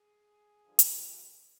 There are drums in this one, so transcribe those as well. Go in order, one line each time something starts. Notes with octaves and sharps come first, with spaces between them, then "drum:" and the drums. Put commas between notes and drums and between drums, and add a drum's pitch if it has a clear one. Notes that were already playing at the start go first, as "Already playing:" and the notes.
Already playing: G#4
G2 D3 F3
drum: hi-hat